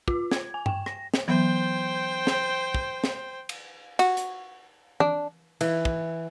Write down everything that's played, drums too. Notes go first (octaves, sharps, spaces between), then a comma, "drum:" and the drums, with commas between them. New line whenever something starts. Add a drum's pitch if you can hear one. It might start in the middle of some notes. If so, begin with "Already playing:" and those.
F4, drum: kick
G#6, drum: snare
G#5
G5, drum: tom G2
A#6, drum: rim click
drum: snare
E3 F#3 B3 C5 G5
drum: snare
drum: kick
drum: snare
drum: cymbal
F#4, drum: cymbal
drum: hi-hat
D4, drum: tom E3
E3, drum: cymbal
drum: kick